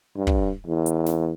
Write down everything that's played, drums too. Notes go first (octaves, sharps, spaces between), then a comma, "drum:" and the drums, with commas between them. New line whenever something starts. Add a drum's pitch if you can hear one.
G2
drum: kick
E2
drum: hi-hat
drum: snare